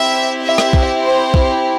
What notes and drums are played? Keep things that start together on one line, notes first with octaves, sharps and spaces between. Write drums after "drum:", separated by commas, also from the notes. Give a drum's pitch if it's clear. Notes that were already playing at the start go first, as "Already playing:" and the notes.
Already playing: C4 E4 G4 E5
E5
drum: rim click
drum: kick
C5
drum: kick